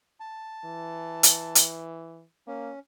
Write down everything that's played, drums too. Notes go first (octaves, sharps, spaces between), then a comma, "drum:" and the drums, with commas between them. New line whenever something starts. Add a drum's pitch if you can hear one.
A5
E3
drum: hi-hat
drum: hi-hat
A#3 C#4